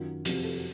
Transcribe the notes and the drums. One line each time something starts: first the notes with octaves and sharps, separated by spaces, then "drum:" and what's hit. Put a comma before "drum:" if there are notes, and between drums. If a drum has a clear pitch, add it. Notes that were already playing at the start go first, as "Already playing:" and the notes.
Already playing: F#2 D#3 F#3 F4
F2 C3 F3 F#4, drum: hi-hat
A4
F#4